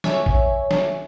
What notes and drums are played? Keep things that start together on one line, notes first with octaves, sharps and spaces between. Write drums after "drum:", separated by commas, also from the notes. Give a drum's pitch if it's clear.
C#5 E5 G#5, drum: snare
drum: kick
drum: snare